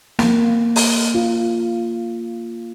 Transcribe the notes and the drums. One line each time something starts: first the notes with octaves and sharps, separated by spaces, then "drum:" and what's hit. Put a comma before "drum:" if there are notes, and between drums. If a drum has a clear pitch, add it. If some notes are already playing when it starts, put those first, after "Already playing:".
A#3, drum: snare
drum: open hi-hat
F4